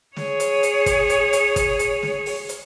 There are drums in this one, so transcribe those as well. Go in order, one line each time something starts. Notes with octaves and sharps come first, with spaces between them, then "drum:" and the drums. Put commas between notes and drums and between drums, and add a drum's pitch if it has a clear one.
G#4 C#5, drum: snare
drum: hi-hat
drum: hi-hat
drum: kick, hi-hat
drum: hi-hat
drum: hi-hat
drum: kick, hi-hat
drum: hi-hat
drum: snare
drum: open hi-hat
drum: hi-hat